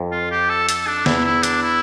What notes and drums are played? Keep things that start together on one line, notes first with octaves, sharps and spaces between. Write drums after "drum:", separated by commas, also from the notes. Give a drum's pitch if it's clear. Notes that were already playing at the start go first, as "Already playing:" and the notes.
Already playing: F2
F4
G4
A4
A4, drum: hi-hat
D4
E2 E4, drum: snare
E4
D4, drum: hi-hat
E4